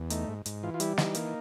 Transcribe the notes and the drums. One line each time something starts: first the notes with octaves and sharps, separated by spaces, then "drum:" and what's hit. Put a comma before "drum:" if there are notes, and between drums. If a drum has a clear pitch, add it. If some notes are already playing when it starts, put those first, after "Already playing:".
Already playing: E2
A3 D#4, drum: hi-hat
G#2
G#2, drum: hi-hat
E3 F4
F4
G3 E4, drum: hi-hat
E3 D#4, drum: snare
A#3, drum: hi-hat